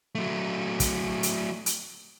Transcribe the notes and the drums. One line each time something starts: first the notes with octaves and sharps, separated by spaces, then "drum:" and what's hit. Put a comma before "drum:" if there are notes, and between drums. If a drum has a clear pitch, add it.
F#3 A3
drum: kick, hi-hat
drum: hi-hat
drum: hi-hat